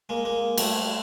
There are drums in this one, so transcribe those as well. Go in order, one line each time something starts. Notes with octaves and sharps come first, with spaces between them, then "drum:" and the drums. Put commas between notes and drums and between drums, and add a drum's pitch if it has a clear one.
G#3 A#3
G#3 A#3
G3 A3, drum: cymbal